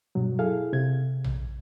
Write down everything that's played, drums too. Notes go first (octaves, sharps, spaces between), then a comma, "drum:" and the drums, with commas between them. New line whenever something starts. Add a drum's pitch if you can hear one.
G2 B2 F#3
E4 G#4 A4 F5
C3 G#6
drum: tom A#1